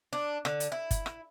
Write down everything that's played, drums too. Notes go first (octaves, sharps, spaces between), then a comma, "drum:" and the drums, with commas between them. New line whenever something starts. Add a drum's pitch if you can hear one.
D4
D3, drum: rim click
drum: hi-hat
E4
drum: kick G1, hi-hat
drum: rim click